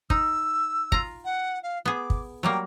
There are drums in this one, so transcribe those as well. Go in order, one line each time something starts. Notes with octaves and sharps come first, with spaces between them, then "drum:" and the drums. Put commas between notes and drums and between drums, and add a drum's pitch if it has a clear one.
D#4 E6, drum: kick
F4 A#5, drum: kick
F#5
F5
B3 G#4 D6
drum: kick
F#3 G3 A#3 G5